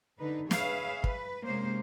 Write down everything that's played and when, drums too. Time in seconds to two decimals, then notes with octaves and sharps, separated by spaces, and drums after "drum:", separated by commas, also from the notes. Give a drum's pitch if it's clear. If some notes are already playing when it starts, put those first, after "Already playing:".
0.18 D3 D#4 B4
0.51 G#4 B4 C#5 E5 F5, drum: snare
1.04 B4, drum: kick
1.45 C3 G#3 A#3 C#4 C5